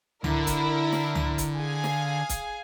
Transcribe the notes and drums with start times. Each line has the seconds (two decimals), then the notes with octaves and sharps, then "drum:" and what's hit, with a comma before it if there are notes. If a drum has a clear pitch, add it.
0.24 D3 E4 A#4, drum: tom C#2
0.47 drum: kick, hi-hat
0.92 drum: snare
1.15 drum: tom C#2
1.38 drum: kick, hi-hat
1.58 G#4 F5 G#5
1.84 drum: snare
2.29 drum: kick, hi-hat